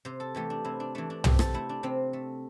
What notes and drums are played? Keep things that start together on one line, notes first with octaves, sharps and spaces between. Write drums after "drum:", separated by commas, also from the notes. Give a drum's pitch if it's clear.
C3 C5
A4
E3 A3 G4
D4
C3 E4
D4
E3 A3 D4
D4
C3 G4, drum: tom
A4, drum: rim click
A3 E4
D4
C3 C4
A3